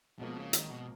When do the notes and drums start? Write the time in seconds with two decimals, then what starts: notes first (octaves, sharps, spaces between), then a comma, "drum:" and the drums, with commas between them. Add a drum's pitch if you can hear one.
0.19 G#1 G#2 B2 F3 A#3
0.37 C#3
0.53 D#3, drum: hi-hat
0.70 B2